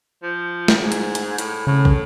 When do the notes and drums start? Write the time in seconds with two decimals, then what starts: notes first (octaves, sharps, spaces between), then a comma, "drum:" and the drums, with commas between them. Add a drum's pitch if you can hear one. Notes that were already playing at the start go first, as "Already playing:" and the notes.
0.23 F3
0.68 drum: snare
0.81 G#2
0.92 drum: hi-hat
1.15 drum: hi-hat
1.38 A2, drum: hi-hat
1.67 A2 C#3
1.85 drum: kick